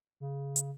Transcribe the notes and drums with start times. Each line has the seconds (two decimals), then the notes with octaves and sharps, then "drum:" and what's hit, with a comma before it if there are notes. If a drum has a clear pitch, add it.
0.20 C#3
0.56 drum: hi-hat